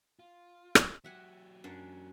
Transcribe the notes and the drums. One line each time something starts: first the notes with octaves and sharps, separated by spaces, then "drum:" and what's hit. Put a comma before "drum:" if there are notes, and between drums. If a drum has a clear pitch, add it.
F4
drum: rim click
F#3 G4 E5 F#5 G#5
F#2 D4